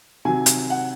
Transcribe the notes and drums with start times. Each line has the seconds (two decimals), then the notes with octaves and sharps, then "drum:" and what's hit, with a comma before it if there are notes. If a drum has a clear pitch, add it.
0.25 C3 D#3 F#3 G#5
0.46 drum: hi-hat
0.70 F#5